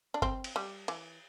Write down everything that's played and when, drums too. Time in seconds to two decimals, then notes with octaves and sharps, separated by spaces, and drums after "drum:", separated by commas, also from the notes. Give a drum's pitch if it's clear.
0.14 D4
0.22 C4, drum: kick G1
0.44 drum: cymbal
0.56 G3
0.88 E3, drum: cymbal